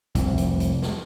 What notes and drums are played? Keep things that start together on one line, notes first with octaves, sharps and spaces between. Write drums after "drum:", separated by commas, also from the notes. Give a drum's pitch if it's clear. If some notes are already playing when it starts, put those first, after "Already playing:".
F1 C2, drum: kick, hi-hat
drum: hi-hat
drum: hi-hat
drum: snare